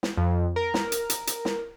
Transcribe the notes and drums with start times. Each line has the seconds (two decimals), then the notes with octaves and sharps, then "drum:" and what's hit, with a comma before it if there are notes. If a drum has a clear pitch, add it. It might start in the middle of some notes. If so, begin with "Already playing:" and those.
0.03 drum: snare
0.17 F2
0.56 A#4
0.74 drum: snare
0.92 drum: hi-hat
1.10 drum: hi-hat
1.27 drum: hi-hat
1.45 drum: snare